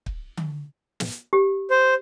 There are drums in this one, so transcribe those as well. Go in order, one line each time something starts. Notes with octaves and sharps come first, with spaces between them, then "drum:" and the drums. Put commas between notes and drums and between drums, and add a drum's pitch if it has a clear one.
drum: kick
drum: tom D3
drum: snare
G4
C5